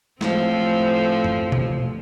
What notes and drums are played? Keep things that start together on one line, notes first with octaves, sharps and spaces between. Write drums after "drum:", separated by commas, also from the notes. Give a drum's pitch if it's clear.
A2 F3 C4, drum: snare
drum: tom F#2
drum: tom B2